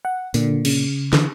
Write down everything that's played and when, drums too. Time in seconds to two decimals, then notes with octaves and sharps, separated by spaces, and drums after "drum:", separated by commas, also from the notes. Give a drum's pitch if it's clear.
0.05 F#5
0.34 A#2 D3, drum: open hi-hat
0.65 C#3, drum: cymbal
1.13 D3 E3, drum: snare